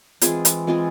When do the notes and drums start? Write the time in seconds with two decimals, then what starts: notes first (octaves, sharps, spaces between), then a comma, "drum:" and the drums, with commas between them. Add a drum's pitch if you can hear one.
0.21 E3 G#3 C4 F4 G#4, drum: hi-hat
0.45 drum: hi-hat
0.67 G#3 C4 F4 G#4